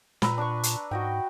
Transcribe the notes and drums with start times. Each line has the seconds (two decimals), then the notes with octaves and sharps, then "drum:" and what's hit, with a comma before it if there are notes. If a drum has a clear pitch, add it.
0.22 A#2 B4 A#5 E6, drum: snare
0.38 D4 C#6
0.63 drum: hi-hat
0.91 G#2 F#4 D#5 G5